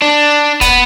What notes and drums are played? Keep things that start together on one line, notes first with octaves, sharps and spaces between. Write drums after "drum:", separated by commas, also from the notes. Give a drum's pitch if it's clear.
D4
B3, drum: kick, hi-hat